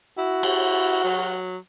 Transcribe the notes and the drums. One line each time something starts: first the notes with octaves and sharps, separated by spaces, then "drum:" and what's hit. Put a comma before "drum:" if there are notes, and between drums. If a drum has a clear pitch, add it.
E4 F#4
drum: cymbal
F#3